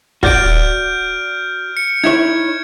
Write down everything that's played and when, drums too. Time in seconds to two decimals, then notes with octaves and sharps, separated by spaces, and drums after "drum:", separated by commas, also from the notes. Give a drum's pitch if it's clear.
0.23 F#4 D5 F6 G6 D7, drum: kick
1.77 C#7
2.04 D#4 E4 C#5 G#6